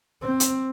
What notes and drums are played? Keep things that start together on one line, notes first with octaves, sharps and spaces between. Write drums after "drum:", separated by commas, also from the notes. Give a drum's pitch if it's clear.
C4
drum: hi-hat